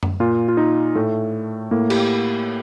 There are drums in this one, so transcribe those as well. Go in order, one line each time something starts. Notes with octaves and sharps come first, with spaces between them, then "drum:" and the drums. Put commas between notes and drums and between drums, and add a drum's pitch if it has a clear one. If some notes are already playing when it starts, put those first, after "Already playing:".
drum: tom F#2
A#2 F4
F4
D#4
A2 A3
A2 A#3
G4, drum: cymbal